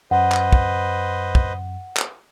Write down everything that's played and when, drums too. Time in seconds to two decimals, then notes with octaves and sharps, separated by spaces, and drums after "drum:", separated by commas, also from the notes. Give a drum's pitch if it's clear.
0.11 F#2 B4 C5 D#5 F#5
0.32 drum: clap
0.52 drum: kick
1.35 drum: kick
1.97 drum: clap